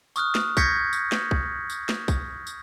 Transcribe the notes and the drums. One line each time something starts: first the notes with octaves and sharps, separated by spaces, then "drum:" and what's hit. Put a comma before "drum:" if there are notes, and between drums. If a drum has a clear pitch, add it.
C#6 D#6 F6 F#6, drum: tambourine
drum: snare
C#6 G6 G#6 A#6 B6 C#7, drum: kick B1, tambourine
drum: tambourine
drum: snare
drum: kick B1
drum: tambourine
drum: snare
drum: kick B1, tambourine
drum: tambourine